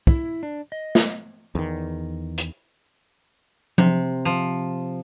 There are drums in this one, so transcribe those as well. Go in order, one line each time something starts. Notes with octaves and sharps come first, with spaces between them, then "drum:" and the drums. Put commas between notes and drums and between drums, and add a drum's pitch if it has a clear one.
E4, drum: kick
D4
D#5
drum: snare
E2 D#3
drum: hi-hat
C3, drum: tom F3
F3